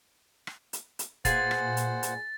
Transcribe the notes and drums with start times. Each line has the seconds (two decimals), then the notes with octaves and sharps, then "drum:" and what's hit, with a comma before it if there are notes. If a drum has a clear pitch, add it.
0.47 drum: rim click
0.73 drum: hi-hat
0.99 drum: hi-hat
1.25 A#2 F4 G#4 B4 C5 F#5 A6, drum: kick, hi-hat
1.51 drum: rim click
1.77 drum: hi-hat
2.03 drum: hi-hat